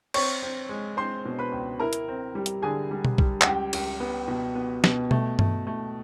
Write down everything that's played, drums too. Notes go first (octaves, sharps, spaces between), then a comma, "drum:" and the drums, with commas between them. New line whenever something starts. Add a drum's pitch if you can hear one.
C4 C#5 C#6, drum: cymbal
C4
G#3
C4 C5 C6
B2
B4 B5
C#2
E4 A#4 A#5
drum: hi-hat
C4
G3
drum: hi-hat
D3 G#4 G#5
G3
drum: tom B2
G3, drum: kick
F#5, drum: clap
C#2 G4 G5
C#2, drum: cymbal
B3
B2
B3
B2, drum: snare
A3, drum: tom B2
A3, drum: tom G2
A3